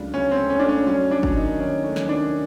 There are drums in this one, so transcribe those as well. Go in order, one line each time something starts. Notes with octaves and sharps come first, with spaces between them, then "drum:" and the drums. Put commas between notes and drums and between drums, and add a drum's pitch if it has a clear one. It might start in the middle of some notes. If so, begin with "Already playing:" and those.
Already playing: C#2 F#3 A3 D4
C#2 C#4
C4
A3
C#4
D4
A3
C#4
F#3 C#4
F#3 D4
drum: kick
D#3 D#4
D#2 C#4
A3 C#4
drum: snare
D#3 D4